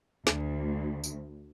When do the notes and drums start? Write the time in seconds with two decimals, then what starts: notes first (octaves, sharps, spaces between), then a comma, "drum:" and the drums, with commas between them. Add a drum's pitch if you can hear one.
0.27 D2, drum: snare
1.04 drum: tambourine